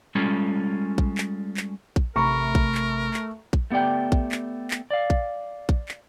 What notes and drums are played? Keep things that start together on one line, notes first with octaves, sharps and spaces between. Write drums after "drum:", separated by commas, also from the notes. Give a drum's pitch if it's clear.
G3 G#3 C#4 F4 A4
drum: kick A#1
drum: clap
drum: clap
drum: kick A#1
A1 C3 A3 A#4 A#5 B5 C#6
drum: kick A#1
drum: clap
drum: clap
drum: kick A#1
A3 B3 G4 D5 G5
drum: kick A#1
drum: clap
drum: clap
D5 F5
drum: kick A#1
drum: kick A#1
drum: clap